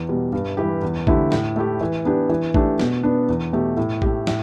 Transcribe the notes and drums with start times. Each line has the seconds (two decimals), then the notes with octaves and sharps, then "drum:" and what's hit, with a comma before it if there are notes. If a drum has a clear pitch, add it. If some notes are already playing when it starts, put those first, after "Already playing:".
Already playing: E2
0.09 B2 G3
0.32 G2
0.57 E3 G3 E4 G4
0.82 E2
1.07 D3 A3 E4 G4, drum: kick A1
1.32 A2, drum: snare
1.56 A3 E4 G4
1.81 E3
2.05 B3 D4 G4
2.29 E3
2.54 A3 D4 G4, drum: kick A1
2.79 B2, drum: snare
3.03 B3 D4
3.29 E2
3.53 B2 A3 G4
3.77 A2
4.02 A3 G4, drum: kick A1
4.27 A2, drum: snare